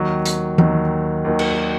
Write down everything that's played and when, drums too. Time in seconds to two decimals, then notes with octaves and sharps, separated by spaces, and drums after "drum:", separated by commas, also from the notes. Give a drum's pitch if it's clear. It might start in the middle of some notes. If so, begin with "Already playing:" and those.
Already playing: D#2 D#3 F#3
0.26 drum: hi-hat
0.58 D#2 D#3 F#3, drum: tom E3
1.25 D#2 D#3 F#3
1.39 drum: cymbal